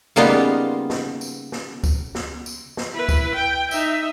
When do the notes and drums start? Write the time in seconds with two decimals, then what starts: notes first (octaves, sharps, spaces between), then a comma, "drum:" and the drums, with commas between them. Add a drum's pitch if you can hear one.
0.16 C#3 G3 A#3 B3 D#4 F4
0.90 drum: snare
1.21 drum: tambourine
1.52 drum: snare
1.84 drum: kick C#2, tambourine
2.15 drum: snare
2.46 drum: tambourine
2.77 drum: snare
2.93 E4 B4
3.09 drum: kick C#2, tambourine
3.35 G5
3.71 D#4 E5, drum: tambourine